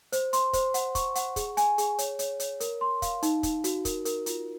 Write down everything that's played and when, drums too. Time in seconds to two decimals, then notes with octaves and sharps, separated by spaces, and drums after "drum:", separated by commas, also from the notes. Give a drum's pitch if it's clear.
0.12 C5, drum: hi-hat
0.33 C6, drum: hi-hat
0.53 C5, drum: kick, hi-hat
0.74 F#5, drum: hi-hat
0.95 C#6, drum: kick, hi-hat
1.15 F#5, drum: hi-hat
1.36 G#4, drum: kick, hi-hat
1.57 G#5, drum: hi-hat
1.78 G#4, drum: hi-hat
1.99 C#5, drum: hi-hat
2.19 C#5, drum: hi-hat
2.40 C#5, drum: hi-hat
2.60 A#4, drum: hi-hat
2.81 C6
3.02 F5, drum: kick, hi-hat
3.23 D#4, drum: hi-hat
3.43 D#4, drum: kick, hi-hat
3.64 F#4, drum: hi-hat
3.85 A#4, drum: kick, hi-hat
4.05 A#4, drum: hi-hat
4.26 F4, drum: hi-hat